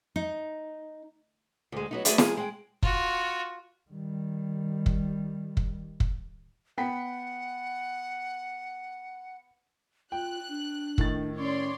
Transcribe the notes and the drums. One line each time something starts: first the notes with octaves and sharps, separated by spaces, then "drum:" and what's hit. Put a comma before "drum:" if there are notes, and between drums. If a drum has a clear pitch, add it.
D#4
D2 G#3
F#3 B3 D#4
A3 F#4 G#4 B4 D5 E5, drum: hi-hat
G#3 G#4, drum: snare
G#3 G5
F4 F#4, drum: kick
D#3 G3
drum: kick
drum: kick
drum: kick
B3 F#5 G5 B6
F4 G5 F#6
D4
A2 D#3 A6, drum: kick
C#4 C#5 D5 C6